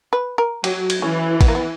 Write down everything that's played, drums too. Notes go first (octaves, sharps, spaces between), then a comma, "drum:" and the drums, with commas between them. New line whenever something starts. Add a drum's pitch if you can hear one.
B4
A#4
F#3 G4, drum: cymbal
drum: cymbal
E3 C#4
B3, drum: kick, cymbal
A#3
B3